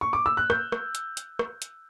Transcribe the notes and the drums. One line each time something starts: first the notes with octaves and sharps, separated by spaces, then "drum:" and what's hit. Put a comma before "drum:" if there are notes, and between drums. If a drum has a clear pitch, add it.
C#6
D6
E6
F#6
G6, drum: rim click
drum: rim click
drum: hi-hat
drum: hi-hat
drum: rim click
drum: hi-hat